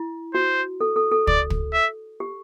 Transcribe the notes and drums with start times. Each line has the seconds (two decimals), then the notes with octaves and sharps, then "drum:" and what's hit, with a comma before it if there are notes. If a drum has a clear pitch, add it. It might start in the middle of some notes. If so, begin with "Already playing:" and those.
Already playing: E4
0.34 F#4 C5
0.81 A4
0.96 A4
1.11 A4
1.27 D5, drum: kick
1.50 drum: kick
1.73 E5
2.20 G4